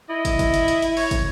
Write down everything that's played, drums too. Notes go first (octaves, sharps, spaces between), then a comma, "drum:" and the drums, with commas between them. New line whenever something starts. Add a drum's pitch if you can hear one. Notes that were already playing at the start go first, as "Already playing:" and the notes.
E4 D#5
drum: kick, hi-hat
drum: kick, hi-hat
drum: hi-hat
drum: hi-hat
drum: hi-hat
C#5, drum: open hi-hat
drum: kick, hi-hat